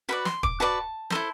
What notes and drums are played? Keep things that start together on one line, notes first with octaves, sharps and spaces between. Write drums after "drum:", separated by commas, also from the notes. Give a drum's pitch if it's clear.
F#4 B4 D5 B5
C6, drum: snare
D6, drum: kick
F#4 B4 D5 A5
E4 A4 C5, drum: snare